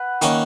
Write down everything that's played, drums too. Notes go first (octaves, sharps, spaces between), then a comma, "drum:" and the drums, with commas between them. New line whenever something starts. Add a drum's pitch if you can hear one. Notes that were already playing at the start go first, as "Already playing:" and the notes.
Already playing: B4 F#5
D#3 A#3 C#4, drum: hi-hat